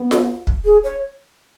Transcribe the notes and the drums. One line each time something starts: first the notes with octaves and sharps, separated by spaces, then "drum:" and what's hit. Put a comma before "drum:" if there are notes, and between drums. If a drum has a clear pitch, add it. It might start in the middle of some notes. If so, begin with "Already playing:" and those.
Already playing: B3
drum: snare F4
drum: kick
G#4
C#5